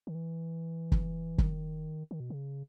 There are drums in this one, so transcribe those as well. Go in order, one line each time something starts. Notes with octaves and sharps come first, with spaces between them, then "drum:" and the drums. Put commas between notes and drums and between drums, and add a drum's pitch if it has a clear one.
D#3
E3
drum: kick
D#3, drum: kick
D#3
B2
C#3